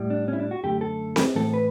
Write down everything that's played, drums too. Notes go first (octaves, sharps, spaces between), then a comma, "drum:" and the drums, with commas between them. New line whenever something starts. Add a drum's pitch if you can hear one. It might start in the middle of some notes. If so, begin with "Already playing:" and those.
Already playing: A2 G3
D4
C#4
E4
D4
F#4
F#2 D3 A3 G4
A4
drum: snare C4
A2 E3 A3 A4
B4